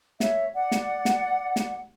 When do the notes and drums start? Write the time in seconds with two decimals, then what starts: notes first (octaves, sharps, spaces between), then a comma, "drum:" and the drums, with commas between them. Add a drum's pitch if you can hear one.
0.20 C#5 E5, drum: snare
0.54 D5 F#5
0.72 drum: snare
1.05 drum: snare
1.56 drum: snare